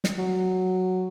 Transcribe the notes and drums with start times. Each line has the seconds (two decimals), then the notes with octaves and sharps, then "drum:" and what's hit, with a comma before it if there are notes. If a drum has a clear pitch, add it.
0.04 drum: snare
0.18 F#3